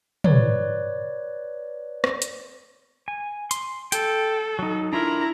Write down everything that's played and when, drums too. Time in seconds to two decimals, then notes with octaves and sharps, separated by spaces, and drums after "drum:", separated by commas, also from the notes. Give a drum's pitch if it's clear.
0.24 B4 C#5 D5, drum: tom
2.04 drum: rim click
2.22 drum: hi-hat
3.08 G#5
3.51 C6, drum: hi-hat
3.92 A4 G5, drum: hi-hat
4.59 F#3 D#4
4.93 D4 E4 F4 A#4 A#5